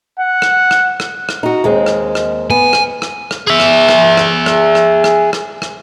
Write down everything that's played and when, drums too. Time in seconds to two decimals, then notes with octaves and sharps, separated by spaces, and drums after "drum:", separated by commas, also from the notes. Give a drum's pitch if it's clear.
0.19 F#5
0.42 drum: rim click
0.71 drum: rim click
1.00 drum: rim click
1.29 drum: rim click
1.43 D#4 F#4
1.64 D#2 G#3 C4
1.86 drum: rim click
2.15 drum: rim click
2.50 B3 G#5
2.73 drum: rim click
3.02 drum: rim click
3.31 drum: rim click
3.47 G#4 E5
3.60 drum: rim click
3.89 drum: rim click
4.17 drum: rim click
4.46 drum: rim click
4.75 drum: rim click
5.04 drum: rim click
5.33 drum: rim click
5.62 drum: rim click